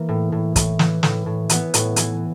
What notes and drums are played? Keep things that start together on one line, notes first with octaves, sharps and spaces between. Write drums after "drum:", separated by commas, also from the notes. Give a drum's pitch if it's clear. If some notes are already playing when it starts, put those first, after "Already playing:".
Already playing: E3 A#3
A2
A2
A2, drum: kick, hi-hat
E3, drum: snare
A2, drum: snare
A2
E3 B3, drum: hi-hat
A2, drum: hi-hat
E3, drum: hi-hat